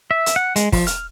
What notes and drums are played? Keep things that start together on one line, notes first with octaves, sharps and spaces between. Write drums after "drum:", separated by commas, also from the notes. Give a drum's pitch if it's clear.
E5
drum: hi-hat
F#5
G#3, drum: hi-hat
F3, drum: kick, open hi-hat
F6, drum: hi-hat